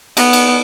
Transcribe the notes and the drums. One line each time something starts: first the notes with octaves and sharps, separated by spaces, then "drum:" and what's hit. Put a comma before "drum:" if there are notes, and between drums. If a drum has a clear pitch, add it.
B3, drum: cymbal
drum: cymbal